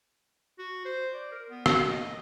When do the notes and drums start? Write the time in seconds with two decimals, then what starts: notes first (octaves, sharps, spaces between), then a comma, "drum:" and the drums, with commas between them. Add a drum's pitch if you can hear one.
0.59 F#4
0.85 C5
1.14 D5
1.32 A#4
1.50 B3
1.66 D4, drum: rim click
1.78 A#3
1.90 D#5